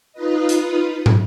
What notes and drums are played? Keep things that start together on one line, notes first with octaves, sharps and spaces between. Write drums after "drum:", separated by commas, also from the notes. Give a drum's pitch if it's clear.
D#4 F4 B4 D#5
drum: hi-hat
drum: tom